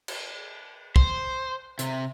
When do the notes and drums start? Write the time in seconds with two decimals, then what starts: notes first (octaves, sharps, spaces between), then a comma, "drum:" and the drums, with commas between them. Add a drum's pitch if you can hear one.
0.08 drum: cymbal
0.96 C5, drum: kick
1.79 C3, drum: hi-hat